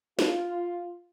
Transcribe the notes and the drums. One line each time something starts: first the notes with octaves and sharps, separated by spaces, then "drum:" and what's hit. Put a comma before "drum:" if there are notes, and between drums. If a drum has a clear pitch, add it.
F4, drum: snare